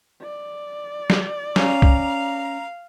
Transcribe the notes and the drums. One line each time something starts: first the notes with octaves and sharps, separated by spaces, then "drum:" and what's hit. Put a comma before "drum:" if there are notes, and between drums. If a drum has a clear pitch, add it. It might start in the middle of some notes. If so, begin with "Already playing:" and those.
D5
drum: snare
C#4 F5 A#5, drum: snare
drum: kick